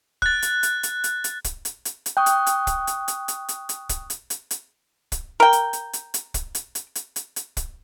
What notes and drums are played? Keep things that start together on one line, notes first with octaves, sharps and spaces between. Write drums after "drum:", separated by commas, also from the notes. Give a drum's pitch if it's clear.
F#6 A6, drum: kick
drum: hi-hat
drum: hi-hat
drum: hi-hat
drum: hi-hat
drum: hi-hat
drum: kick, hi-hat
drum: hi-hat
drum: hi-hat
drum: hi-hat
G5 C#6 D#6 F#6
drum: hi-hat
drum: hi-hat
drum: kick, hi-hat
drum: hi-hat
drum: hi-hat
drum: hi-hat
drum: hi-hat
drum: hi-hat
drum: kick, hi-hat
drum: hi-hat
drum: hi-hat
drum: hi-hat
drum: kick, hi-hat
A#4 G5
drum: hi-hat
drum: hi-hat
drum: hi-hat
drum: hi-hat
drum: kick, hi-hat
drum: hi-hat
drum: hi-hat
drum: hi-hat
drum: hi-hat
drum: hi-hat
drum: kick, hi-hat